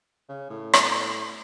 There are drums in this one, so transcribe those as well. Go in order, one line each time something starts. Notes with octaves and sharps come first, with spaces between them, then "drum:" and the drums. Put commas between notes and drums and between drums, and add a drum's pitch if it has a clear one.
C#3
A2
drum: rim click